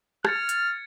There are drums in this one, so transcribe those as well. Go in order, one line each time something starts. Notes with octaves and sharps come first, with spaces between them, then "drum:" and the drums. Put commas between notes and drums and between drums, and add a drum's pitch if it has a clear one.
F6 G#6 A6 C#7, drum: rim click
drum: hi-hat